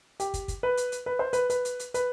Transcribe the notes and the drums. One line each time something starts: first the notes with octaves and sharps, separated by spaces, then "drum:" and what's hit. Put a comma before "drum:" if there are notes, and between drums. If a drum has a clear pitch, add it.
G4, drum: hi-hat
drum: kick, hi-hat
drum: kick, hi-hat
B4
drum: hi-hat
drum: hi-hat
B4
C5
B4, drum: hi-hat
B4, drum: hi-hat
drum: hi-hat
drum: hi-hat
B4, drum: hi-hat